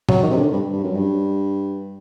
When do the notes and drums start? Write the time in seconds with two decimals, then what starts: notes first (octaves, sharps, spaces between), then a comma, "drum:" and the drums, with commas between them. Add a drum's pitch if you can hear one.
0.09 F#3, drum: tom A#2
0.23 D#3
0.31 C3
0.37 D3
0.52 G2
0.73 G2
0.84 F#2
0.95 G2